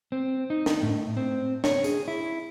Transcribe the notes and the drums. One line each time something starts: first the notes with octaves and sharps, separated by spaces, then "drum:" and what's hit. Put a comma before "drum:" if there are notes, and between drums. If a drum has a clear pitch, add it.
C4
D#4
drum: snare
A2
C4
C#5, drum: snare
G#4, drum: tambourine
E4